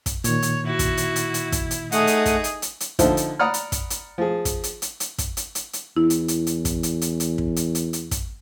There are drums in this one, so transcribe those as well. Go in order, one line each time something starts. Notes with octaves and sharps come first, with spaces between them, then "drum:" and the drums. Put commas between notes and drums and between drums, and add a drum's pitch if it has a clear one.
drum: kick, hi-hat
A#2 D#3 C#5, drum: hi-hat
drum: hi-hat
E4 F#4
drum: kick, hi-hat
drum: hi-hat
drum: hi-hat
drum: hi-hat
drum: kick, hi-hat
drum: hi-hat
A3 D#4 G#4 F#5 D#6, drum: hi-hat
drum: hi-hat
drum: kick, hi-hat
drum: hi-hat
drum: hi-hat
drum: hi-hat
D3 F3 D#4 C5 E5, drum: kick, hi-hat
drum: hi-hat
D5 F#5 A#5 B5 D#6 F6
drum: hi-hat
drum: kick, hi-hat
drum: hi-hat
F3 G#4
drum: kick, hi-hat
drum: hi-hat
drum: hi-hat
drum: hi-hat
drum: kick, hi-hat
drum: hi-hat
drum: hi-hat
drum: hi-hat
E2 E4
drum: hi-hat
drum: hi-hat
drum: hi-hat
drum: kick, hi-hat
drum: hi-hat
drum: hi-hat
drum: hi-hat
drum: kick
drum: hi-hat
drum: hi-hat
drum: hi-hat
drum: kick, hi-hat